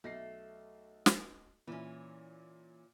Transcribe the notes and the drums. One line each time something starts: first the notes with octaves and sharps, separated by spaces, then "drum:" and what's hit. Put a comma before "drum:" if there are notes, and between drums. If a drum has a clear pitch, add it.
B1 A3 A#6 C7
drum: snare
A#2 E3 C#4